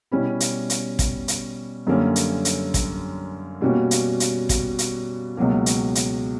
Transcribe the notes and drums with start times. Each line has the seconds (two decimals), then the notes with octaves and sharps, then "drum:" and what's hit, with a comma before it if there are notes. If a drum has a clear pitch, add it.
0.12 B2 G3 C#4 E4
0.40 drum: hi-hat
0.70 drum: hi-hat
0.99 drum: kick, hi-hat
1.28 drum: hi-hat
1.87 F#2 D3 G3 A#3 C#4
2.16 drum: hi-hat
2.45 drum: hi-hat
2.74 drum: kick, hi-hat
3.61 B2 G3 A#3 C#4 F#4
3.91 drum: hi-hat
4.20 drum: hi-hat
4.49 drum: kick, hi-hat
4.79 drum: hi-hat
5.37 C#2 B2 F#3 A#3
5.66 drum: hi-hat
5.95 drum: hi-hat